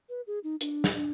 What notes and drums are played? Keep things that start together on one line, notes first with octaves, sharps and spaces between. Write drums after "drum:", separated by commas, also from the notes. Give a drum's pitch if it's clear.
B4
G#4
D#4
D4, drum: hi-hat
drum: snare
D4